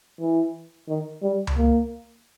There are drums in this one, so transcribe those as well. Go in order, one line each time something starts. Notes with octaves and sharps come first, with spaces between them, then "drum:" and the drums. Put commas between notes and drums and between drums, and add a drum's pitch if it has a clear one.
E3
D#3
G3
drum: tom C#2
A#3